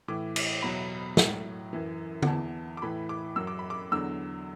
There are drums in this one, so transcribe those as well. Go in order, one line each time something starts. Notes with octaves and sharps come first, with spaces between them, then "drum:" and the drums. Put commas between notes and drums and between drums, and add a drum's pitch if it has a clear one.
A2 E3 D6
D6, drum: cymbal
E2 B2 F#3 B5
A2 F#3, drum: snare
F#2 E3
F#5, drum: tom D3
E2 E3 A5
D6
A2 E3 B5
D6
F#2 F#3 E6
D6
B5
D6
E2 D3 F#3 E6